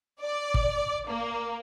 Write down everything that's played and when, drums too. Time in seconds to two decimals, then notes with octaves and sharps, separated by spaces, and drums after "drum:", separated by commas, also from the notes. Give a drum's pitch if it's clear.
0.21 D5
0.54 drum: kick
1.08 A#3